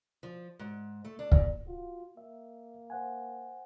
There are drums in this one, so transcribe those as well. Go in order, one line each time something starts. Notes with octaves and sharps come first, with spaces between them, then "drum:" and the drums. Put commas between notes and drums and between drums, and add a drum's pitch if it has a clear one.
F3
G#2
A3
D4
A#2, drum: kick
F4 F#4
A#3 E5
C5 F#5 G#5